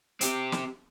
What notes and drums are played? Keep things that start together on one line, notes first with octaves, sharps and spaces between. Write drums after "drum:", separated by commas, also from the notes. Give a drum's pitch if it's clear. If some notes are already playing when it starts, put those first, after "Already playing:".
C4 G4, drum: hi-hat
drum: snare